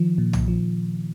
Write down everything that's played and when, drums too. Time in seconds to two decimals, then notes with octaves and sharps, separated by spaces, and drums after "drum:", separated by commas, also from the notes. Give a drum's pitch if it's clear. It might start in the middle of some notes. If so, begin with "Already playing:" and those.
Already playing: D#3 F3
0.18 A#2
0.33 drum: tom
0.48 F3